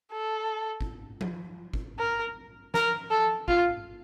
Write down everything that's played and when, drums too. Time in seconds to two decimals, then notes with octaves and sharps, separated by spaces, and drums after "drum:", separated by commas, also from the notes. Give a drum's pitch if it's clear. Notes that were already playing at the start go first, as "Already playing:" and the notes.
0.12 A4
0.81 drum: kick G1
1.21 drum: tom F3
1.74 drum: kick G1
1.99 A#4
2.74 A#4, drum: snare
3.11 A4
3.48 F4, drum: kick G1